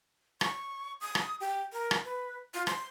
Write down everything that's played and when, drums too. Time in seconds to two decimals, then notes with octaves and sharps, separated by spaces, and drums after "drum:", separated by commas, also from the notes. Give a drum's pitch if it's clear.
0.41 C#6, drum: rim click
1.01 D#6
1.15 drum: rim click
1.40 G4
1.73 A#4
1.91 drum: rim click
2.04 B4
2.54 F4
2.67 C6, drum: rim click